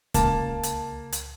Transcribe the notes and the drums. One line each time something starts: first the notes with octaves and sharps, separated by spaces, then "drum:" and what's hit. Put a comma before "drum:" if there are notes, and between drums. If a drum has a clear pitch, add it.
C#2 A#3 A5, drum: kick, hi-hat
drum: hi-hat
drum: hi-hat